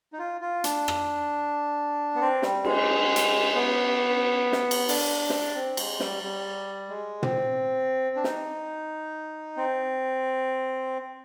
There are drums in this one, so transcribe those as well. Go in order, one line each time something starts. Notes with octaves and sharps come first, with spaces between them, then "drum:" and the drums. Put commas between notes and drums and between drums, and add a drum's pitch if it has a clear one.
D#4
F4
F4
D4, drum: hi-hat
drum: rim click
B3
C4
G3, drum: snare
G#3, drum: cymbal
drum: hi-hat
B3
drum: snare
drum: cymbal
D4, drum: open hi-hat
drum: snare
C4
G#3, drum: cymbal
G3, drum: snare
G3
G#3
C4, drum: tom
D4
D#4, drum: snare
C4